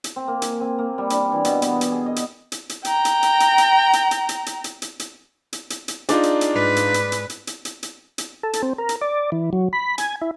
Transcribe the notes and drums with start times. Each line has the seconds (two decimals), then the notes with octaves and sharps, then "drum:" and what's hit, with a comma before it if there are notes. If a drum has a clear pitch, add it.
0.04 drum: hi-hat
0.16 C4
0.28 A#3
0.42 G#5, drum: hi-hat
0.61 C4
0.79 A#3
0.98 G3
1.10 D4, drum: hi-hat
1.32 E3
1.45 B2, drum: hi-hat
1.62 B3, drum: hi-hat
1.81 drum: hi-hat
1.91 G#4
2.06 D#5
2.16 drum: hi-hat
2.52 drum: hi-hat
2.69 drum: hi-hat
2.85 G5 A#5, drum: hi-hat
3.05 drum: hi-hat
3.23 drum: hi-hat
3.40 drum: hi-hat
3.58 drum: hi-hat
3.93 drum: hi-hat
4.11 drum: hi-hat
4.29 drum: hi-hat
4.46 drum: hi-hat
4.64 drum: hi-hat
4.82 drum: hi-hat
4.99 drum: hi-hat
5.53 drum: hi-hat
5.70 drum: hi-hat
5.88 drum: hi-hat
6.09 D4 D#4 F4 G#4 D5, drum: hi-hat
6.23 drum: hi-hat
6.41 drum: hi-hat
6.54 G#2 B4
6.76 drum: hi-hat
6.94 drum: hi-hat
7.12 drum: hi-hat
7.30 drum: hi-hat
7.47 drum: hi-hat
7.65 drum: hi-hat
7.83 drum: hi-hat
8.18 drum: hi-hat
8.43 A4
8.53 drum: hi-hat
8.63 C4
8.78 A#4
8.89 drum: hi-hat
9.01 D5
9.32 E3
9.53 F#3
9.73 B5
9.98 G#5, drum: hi-hat
10.21 E4